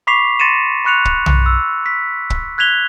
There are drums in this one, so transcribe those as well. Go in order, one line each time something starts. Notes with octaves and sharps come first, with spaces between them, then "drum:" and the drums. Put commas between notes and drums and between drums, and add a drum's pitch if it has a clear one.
B5 C#6 D6 B6 C7 F7
C6 A6 A#6 C#7 D#7 E7
B5 C#6 F#6 C#7 F7
drum: kick
drum: tom B1
E6
B6
drum: kick
F#6 G#6 B6 F7 G7